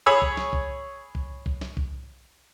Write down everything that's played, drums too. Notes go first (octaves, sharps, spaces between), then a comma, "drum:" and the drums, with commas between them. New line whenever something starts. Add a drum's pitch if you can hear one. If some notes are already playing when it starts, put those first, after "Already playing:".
G#4 C#5 B5 C#6 E6
drum: kick
drum: snare
drum: kick
drum: kick
drum: kick
drum: snare
drum: kick